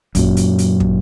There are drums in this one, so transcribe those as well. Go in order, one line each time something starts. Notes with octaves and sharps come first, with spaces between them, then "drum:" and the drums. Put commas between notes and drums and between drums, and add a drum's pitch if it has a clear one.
F#2 A#2 F#3, drum: kick, hi-hat
drum: hi-hat
drum: hi-hat
drum: kick